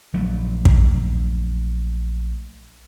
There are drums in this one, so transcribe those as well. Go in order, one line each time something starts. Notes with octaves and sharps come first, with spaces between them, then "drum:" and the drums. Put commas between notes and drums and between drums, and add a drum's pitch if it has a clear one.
A#1 F#3 A3
drum: kick